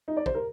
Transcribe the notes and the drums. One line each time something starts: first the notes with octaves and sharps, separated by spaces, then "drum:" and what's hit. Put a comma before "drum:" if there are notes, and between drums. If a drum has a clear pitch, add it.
D#4
D5
C5, drum: kick
A#4